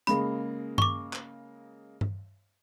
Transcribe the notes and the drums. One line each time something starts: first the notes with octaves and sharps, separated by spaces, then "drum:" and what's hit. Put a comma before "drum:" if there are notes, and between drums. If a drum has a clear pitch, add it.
C#3 G#3 A#3 B5, drum: hi-hat
C#6 D6, drum: tom G2
drum: clap
drum: tom G2